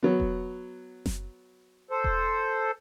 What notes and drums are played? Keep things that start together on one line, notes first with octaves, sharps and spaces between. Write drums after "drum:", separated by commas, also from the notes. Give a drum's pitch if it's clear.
F#3 B3
drum: kick E1
drum: snare F#1
A4 C5
drum: kick E1